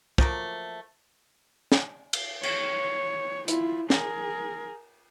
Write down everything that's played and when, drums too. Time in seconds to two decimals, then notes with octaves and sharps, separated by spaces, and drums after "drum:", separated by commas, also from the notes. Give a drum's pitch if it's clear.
0.18 F3 F#3 A3 A#3, drum: kick
1.72 drum: snare
2.13 drum: cymbal
2.43 C#5, drum: cymbal
3.48 E4 F4, drum: hi-hat
3.90 G#4 A#4, drum: snare